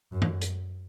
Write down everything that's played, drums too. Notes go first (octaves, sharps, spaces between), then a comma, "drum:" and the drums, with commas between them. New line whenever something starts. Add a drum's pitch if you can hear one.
F#2
drum: tom F#2
drum: hi-hat